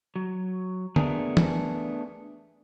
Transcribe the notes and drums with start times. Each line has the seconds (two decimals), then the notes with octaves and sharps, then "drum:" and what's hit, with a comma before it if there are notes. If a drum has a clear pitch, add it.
0.16 F#3
0.96 A3 B3 D4 G#4 A#4, drum: tom
1.37 drum: tom